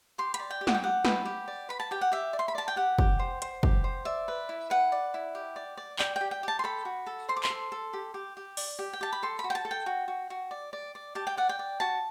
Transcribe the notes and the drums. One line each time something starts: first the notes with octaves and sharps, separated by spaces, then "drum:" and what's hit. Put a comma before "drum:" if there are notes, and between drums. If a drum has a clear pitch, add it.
G4 C6
B5, drum: hi-hat
D5
G5
G4
F#5, drum: snare
G5
G4 F#5
B4, drum: snare
G4
D5
B4 B5
A5
G4 G5
F#5
G4 E5
D5
C6
B5
D5 A5
G5
G4 F#5
G4, drum: kick
C5
C5, drum: hi-hat
G4, drum: kick
C5
D5 E5
B4
E4
B4 F#5
D5
E4
G4
D5
D5
D5 G5, drum: clap
G4 G5
G5
G4 A5
C6
A4 B5
F#4
A4
C5 C6
D6
C6, drum: clap
A4
A4
G4
G4
G4
D5, drum: open hi-hat
G4
G5
G4 A5
B5
A4 C6
B5
F#4
G5
A5
A4
G5
F#4
F#4
F#4
D5
D5
D5
G4 A5
G5
D5 F#5
G5
D5
F#4 A5